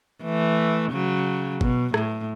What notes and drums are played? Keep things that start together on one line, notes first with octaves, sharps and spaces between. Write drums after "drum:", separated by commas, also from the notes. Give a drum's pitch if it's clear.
E3 A3
C#3 F#3
B2, drum: kick G1
A2, drum: rim click